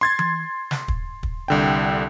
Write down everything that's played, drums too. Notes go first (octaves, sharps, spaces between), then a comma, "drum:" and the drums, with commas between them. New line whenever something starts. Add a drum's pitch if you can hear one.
C6 G#6 A6
drum: tom E3
drum: snare
drum: kick
drum: kick
C2 D3 G5